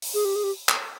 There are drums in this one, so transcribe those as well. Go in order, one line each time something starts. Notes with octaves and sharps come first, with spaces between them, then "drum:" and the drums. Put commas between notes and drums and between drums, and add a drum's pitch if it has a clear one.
drum: open hi-hat
G#4
G4
G#4
G4
drum: clap